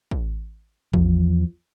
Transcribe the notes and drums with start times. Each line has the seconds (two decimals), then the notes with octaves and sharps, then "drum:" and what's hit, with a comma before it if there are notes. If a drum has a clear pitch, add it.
0.11 drum: kick
0.93 E2 F3, drum: kick